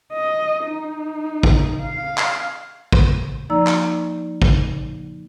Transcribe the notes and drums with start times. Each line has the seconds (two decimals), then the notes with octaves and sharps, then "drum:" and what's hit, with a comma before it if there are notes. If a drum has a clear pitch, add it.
0.13 D#5
0.65 D#4
1.43 drum: kick
1.82 F5
2.18 drum: clap
2.92 drum: kick
3.50 F3 A#3 D#4 D5 A#5 E6
3.67 drum: clap
4.42 drum: kick